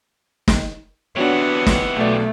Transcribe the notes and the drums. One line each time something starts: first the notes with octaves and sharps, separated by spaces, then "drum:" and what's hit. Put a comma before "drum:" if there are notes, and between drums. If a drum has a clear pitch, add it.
drum: snare
C3 E3 B3 D4 F#4 C#5 F#5
drum: snare
B1 B2 A3 D5